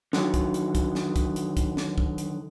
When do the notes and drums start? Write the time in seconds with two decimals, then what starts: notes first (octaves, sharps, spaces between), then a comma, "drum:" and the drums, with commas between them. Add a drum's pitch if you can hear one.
0.13 D3 D#3 F#3, drum: snare
0.34 drum: kick, hi-hat
0.54 drum: hi-hat
0.75 drum: kick, hi-hat
0.95 drum: snare
1.16 drum: kick, hi-hat
1.36 drum: hi-hat
1.57 drum: kick, hi-hat
1.77 drum: snare
1.98 drum: kick
2.18 drum: hi-hat